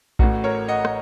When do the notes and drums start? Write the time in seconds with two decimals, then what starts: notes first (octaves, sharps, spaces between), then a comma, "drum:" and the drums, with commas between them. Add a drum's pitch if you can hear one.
0.19 A1 A2 F#4, drum: kick A#1
0.44 A#4 C#5
0.68 D#5 F#5
0.85 drum: rim click